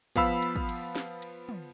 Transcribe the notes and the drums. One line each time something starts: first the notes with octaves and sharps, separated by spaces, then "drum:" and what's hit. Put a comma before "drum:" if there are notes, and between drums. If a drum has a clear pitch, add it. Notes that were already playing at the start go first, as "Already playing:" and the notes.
F3 B3 F5 B5 E6, drum: kick, cymbal
drum: cymbal
drum: kick
drum: cymbal
drum: snare
drum: cymbal
drum: tom